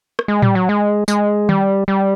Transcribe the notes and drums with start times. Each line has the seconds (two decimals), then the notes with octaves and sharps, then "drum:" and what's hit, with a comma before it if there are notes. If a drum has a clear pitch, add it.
0.19 drum: rim click
0.28 G#3
0.42 G3, drum: tom A2
0.55 F#3
0.69 G#3
1.08 G#3, drum: tambourine
1.49 G3, drum: tom D#3
1.88 G3